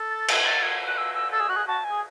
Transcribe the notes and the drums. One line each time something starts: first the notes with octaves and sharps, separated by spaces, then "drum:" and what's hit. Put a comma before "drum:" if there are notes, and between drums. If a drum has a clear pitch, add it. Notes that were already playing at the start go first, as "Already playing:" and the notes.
Already playing: A4
A6
G#6, drum: cymbal
A6
G#6
F#6
E6
E6
A4 E6
G#4
F#4 F#6
G#4
F#4 A5
G#5
G#4